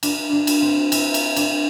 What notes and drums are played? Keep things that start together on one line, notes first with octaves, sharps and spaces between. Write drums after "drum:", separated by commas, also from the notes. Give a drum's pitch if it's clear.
D4, drum: cymbal
D4
drum: cymbal
C4
E4, drum: cymbal
drum: cymbal
D4, drum: cymbal